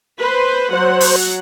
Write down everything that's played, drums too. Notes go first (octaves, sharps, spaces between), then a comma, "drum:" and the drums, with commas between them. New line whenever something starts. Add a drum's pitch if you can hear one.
B4 C5
F#3 C5 F#5
drum: open hi-hat